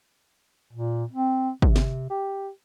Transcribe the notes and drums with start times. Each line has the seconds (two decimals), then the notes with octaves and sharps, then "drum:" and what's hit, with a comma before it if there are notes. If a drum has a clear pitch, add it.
0.73 A#2
1.10 C4
1.62 C3, drum: kick
1.76 drum: snare
2.10 G4